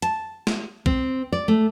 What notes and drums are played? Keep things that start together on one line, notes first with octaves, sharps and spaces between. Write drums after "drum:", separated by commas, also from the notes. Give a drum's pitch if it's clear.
A5, drum: hi-hat
drum: snare
C4, drum: kick
D5
A3